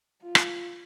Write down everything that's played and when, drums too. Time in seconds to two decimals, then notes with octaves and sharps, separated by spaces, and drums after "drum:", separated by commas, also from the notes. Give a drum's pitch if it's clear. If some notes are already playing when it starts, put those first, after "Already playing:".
0.22 F4
0.35 drum: rim click